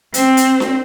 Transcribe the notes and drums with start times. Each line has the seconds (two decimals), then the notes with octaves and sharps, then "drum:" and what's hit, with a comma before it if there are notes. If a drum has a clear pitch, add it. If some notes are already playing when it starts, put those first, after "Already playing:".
0.14 C4, drum: hi-hat
0.37 drum: hi-hat
0.60 drum: snare D4